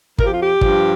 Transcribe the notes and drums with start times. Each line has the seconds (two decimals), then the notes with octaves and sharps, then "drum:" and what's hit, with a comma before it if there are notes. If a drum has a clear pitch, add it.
0.18 F2 F3 A#4, drum: kick
0.27 G4
0.34 F4
0.42 G4
0.61 G2 F3, drum: kick